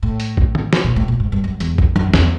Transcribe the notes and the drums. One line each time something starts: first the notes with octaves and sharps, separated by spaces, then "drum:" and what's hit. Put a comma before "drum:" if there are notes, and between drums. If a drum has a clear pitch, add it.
A2
drum: hi-hat
drum: kick
drum: tom
drum: snare
A#2
A2
A#2
G#2
G2
F#2
E2, drum: hi-hat
F2, drum: kick
F#2, drum: tom
E2, drum: snare